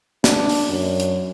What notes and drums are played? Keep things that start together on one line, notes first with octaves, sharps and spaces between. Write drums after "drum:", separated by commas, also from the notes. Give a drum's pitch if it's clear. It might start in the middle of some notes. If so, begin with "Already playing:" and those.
D4, drum: snare
drum: open hi-hat
F#2
drum: hi-hat